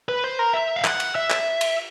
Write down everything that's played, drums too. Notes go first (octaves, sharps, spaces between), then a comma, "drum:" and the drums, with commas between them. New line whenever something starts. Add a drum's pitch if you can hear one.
B4
C5
A#4
E5
F5
F#5, drum: clap
drum: cymbal
E5
drum: clap
drum: cymbal